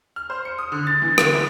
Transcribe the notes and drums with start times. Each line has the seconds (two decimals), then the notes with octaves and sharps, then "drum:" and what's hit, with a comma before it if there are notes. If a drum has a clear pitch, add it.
0.16 F6
0.30 C5
0.45 C#7
0.59 D#6
0.72 D3
0.87 A6
1.02 E3
1.18 D3, drum: rim click
1.34 E4